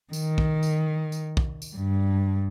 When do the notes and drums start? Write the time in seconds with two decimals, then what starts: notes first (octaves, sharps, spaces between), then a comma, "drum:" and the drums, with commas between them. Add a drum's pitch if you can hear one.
0.13 D#3, drum: tambourine
0.38 drum: kick
0.63 drum: tambourine
1.12 drum: tambourine
1.37 drum: kick
1.62 drum: tambourine
1.76 G2